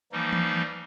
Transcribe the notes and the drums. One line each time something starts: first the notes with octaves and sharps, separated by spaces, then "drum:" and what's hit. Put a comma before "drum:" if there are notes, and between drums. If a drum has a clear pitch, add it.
E3 F3 G3 A#3 D#4
drum: tom E3